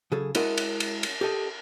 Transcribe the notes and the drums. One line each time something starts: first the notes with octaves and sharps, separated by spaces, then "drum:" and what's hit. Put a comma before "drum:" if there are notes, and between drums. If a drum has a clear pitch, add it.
C#3 F#3 G#4 A4
G#3 E4 F#4 A#4 D#5, drum: cymbal
drum: cymbal
drum: cymbal
drum: cymbal
G4 A4 D#5